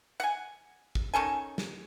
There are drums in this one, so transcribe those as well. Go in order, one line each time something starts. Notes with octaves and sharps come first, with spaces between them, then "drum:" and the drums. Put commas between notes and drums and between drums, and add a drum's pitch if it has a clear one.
F#5 G#5, drum: hi-hat
drum: kick
D#3 C#4 A4 G#5
drum: snare